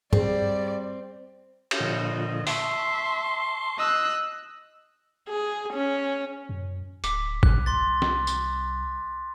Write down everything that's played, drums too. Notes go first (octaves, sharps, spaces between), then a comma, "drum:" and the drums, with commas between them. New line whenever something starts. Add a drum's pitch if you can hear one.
G3 C4 G#4 D5, drum: tom G2
drum: cymbal
A#2 D3 F3 D#5
E5 A5 C6 C#6, drum: open hi-hat
D#5 E6 F#6
G#4
C#4
F#2
D1 D6 B6, drum: hi-hat
C2 F#6, drum: kick
C6 A6
drum: snare
drum: tambourine